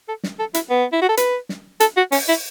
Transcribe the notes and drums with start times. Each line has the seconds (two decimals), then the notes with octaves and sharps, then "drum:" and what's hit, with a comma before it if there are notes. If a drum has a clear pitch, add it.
0.08 A4
0.24 drum: snare
0.39 A4
0.54 E4, drum: hi-hat
0.70 B3
0.93 E4
1.02 F#4
1.09 A4
1.17 B4, drum: hi-hat
1.49 drum: snare
1.80 A4, drum: hi-hat
1.97 F#4
2.12 C#4, drum: open hi-hat
2.28 E4